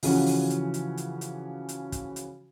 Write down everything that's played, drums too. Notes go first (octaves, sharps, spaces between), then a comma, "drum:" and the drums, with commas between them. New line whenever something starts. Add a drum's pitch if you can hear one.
C#3 E3 F3 C#4 F#4, drum: open hi-hat
drum: open hi-hat
drum: hi-hat
drum: hi-hat
drum: hi-hat
drum: hi-hat
drum: hi-hat
drum: kick, hi-hat
drum: hi-hat